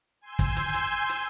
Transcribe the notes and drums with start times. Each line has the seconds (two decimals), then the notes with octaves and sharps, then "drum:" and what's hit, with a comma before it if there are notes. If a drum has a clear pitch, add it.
0.21 G#5 C6 E6 G6
0.39 drum: kick, hi-hat
0.57 drum: hi-hat
0.74 drum: hi-hat
1.09 drum: hi-hat